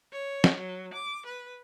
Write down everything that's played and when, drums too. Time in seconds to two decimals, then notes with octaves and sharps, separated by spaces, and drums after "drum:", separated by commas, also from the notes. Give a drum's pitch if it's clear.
0.12 C#5
0.44 drum: snare
0.58 F#3
0.93 D6
1.26 B4